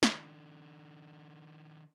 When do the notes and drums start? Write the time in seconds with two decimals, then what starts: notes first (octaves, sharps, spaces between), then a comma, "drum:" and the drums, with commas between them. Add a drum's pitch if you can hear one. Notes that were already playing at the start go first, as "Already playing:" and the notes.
0.03 D#3 D4, drum: snare